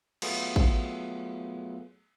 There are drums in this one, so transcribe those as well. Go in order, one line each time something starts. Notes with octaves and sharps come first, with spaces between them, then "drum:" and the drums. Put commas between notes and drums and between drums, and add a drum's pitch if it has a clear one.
F#3 A3 B3 F4 G#4, drum: cymbal
drum: kick